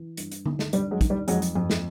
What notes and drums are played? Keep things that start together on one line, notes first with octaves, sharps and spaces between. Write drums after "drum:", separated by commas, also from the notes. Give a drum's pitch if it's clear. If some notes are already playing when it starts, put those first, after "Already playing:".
Already playing: E3
G2, drum: hi-hat
drum: hi-hat
D#3, drum: tom D3
drum: snare
G2 G3, drum: hi-hat
F#3 G#3
D#3, drum: kick, hi-hat
G3
F2 F#3 G#3, drum: hi-hat
drum: hi-hat
F2, drum: tom G2
drum: snare